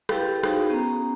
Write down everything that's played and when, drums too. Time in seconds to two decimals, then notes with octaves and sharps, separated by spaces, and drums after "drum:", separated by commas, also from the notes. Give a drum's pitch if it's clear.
0.09 E4 G4 A4 B4 F5 G5, drum: rim click
0.43 D#4 F#4 G#4 C5 G5, drum: rim click
0.70 B3 C#4 A#5